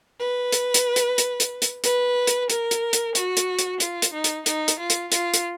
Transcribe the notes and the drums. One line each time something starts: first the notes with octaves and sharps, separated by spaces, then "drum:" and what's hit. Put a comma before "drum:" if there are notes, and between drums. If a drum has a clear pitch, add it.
B4
drum: hi-hat
drum: hi-hat
drum: hi-hat
drum: hi-hat
drum: hi-hat
drum: hi-hat
B4, drum: hi-hat
drum: hi-hat
A#4, drum: hi-hat
drum: hi-hat
drum: hi-hat
F#4, drum: hi-hat
drum: hi-hat
drum: hi-hat
F4, drum: hi-hat
drum: hi-hat
D#4
drum: hi-hat
D#4, drum: hi-hat
drum: hi-hat
F4
drum: hi-hat
F4, drum: hi-hat
drum: hi-hat